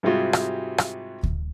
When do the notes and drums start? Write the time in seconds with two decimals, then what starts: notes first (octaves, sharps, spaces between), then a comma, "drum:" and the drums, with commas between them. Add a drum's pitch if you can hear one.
0.03 G#2 C3 G3 G#3 F4 F#4
0.33 drum: rim click
0.78 drum: rim click
1.23 drum: kick D2